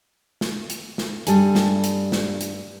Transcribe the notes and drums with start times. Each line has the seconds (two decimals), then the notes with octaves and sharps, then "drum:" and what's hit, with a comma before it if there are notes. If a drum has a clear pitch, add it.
0.41 drum: snare
0.70 drum: hi-hat
0.98 drum: snare
1.27 G2 G3 A4 G#5, drum: hi-hat
1.55 drum: snare
1.84 drum: hi-hat
2.12 drum: snare
2.41 drum: hi-hat